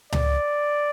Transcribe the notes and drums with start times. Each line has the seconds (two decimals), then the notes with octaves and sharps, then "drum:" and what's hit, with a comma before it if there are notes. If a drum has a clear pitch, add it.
0.12 D5, drum: tom C#2